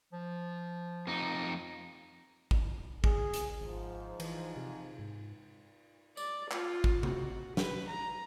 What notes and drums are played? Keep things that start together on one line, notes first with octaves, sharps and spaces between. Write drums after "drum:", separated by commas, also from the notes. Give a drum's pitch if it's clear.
F3
F2 D#4
drum: kick
C#2 G#4, drum: kick
drum: hi-hat
G#1 G#2 F3
E3, drum: cymbal
C3
G#2
D5, drum: tambourine
F4, drum: clap
drum: kick
F#4, drum: tom C3
B4, drum: snare
A#5